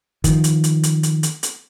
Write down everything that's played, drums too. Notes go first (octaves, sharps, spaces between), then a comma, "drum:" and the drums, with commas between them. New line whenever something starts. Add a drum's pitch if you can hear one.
D#3 F3, drum: kick, hi-hat
drum: hi-hat
drum: hi-hat
drum: hi-hat
drum: hi-hat
drum: hi-hat
drum: hi-hat